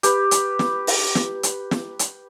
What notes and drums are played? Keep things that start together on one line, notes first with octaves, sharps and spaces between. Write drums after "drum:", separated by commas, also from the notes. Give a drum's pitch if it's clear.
G4 B4, drum: hi-hat
drum: hi-hat
drum: snare
drum: open hi-hat
drum: snare
drum: hi-hat
drum: snare
drum: hi-hat